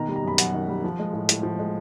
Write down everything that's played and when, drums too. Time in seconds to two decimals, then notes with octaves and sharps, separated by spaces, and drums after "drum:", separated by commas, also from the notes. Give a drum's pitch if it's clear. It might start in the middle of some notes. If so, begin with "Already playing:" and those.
Already playing: B2 D#3 A#5
0.08 G3
0.16 A#5
0.23 F#2 B5
0.38 F#2 F#5, drum: hi-hat
0.54 D#3
0.68 G3
0.84 F3
0.99 G#3
1.13 A2
1.29 A2, drum: hi-hat
1.43 F3
1.59 G#3